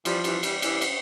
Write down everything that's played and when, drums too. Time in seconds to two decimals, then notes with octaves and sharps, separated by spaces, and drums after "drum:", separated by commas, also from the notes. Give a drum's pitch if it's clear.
0.05 E3 F3 G3, drum: cymbal
0.24 E3 G3, drum: cymbal
0.43 E3 G3, drum: cymbal
0.62 E3 G3, drum: cymbal
0.81 drum: cymbal